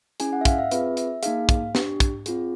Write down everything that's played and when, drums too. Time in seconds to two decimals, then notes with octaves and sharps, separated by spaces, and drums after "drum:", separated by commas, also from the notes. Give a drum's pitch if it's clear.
0.20 C#4 E4 G#4 G#5, drum: hi-hat
0.33 F#5
0.41 E5
0.45 F5, drum: kick, hi-hat
0.58 E5
0.71 C4 F4 G#4 B4, drum: hi-hat
0.97 E5, drum: hi-hat
1.23 A#3 D#4 G#4 F5, drum: hi-hat
1.49 drum: kick, hi-hat
1.75 D4 G4, drum: snare
2.00 drum: kick, hi-hat
2.26 C4 F4 G#4, drum: hi-hat